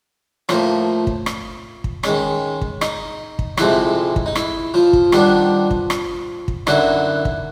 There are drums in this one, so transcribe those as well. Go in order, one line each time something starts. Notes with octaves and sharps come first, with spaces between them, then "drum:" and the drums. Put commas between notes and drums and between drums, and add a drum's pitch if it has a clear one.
A2 F3 A#3 F4, drum: rim click
drum: kick
drum: rim click
drum: kick
D#3 G#3 C#4, drum: rim click
drum: kick
D#4, drum: rim click
drum: kick
F2 C3 F3 G#3 E4, drum: rim click
drum: kick
D#4
E4, drum: rim click
F3 F4
drum: kick
D#3 G3 B3 D4, drum: rim click
drum: kick
drum: rim click
drum: kick
F#2 D3 F#3 B3 D#4 E4, drum: rim click
drum: kick